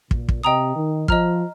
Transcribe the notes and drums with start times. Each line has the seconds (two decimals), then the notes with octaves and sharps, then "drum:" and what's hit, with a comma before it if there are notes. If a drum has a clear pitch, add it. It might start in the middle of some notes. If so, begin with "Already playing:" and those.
0.11 A#2, drum: kick
0.29 drum: kick
0.44 C3 D#5 G5 A#5 D#6
0.76 D#3
1.08 F3 D#5 A#5 F6, drum: kick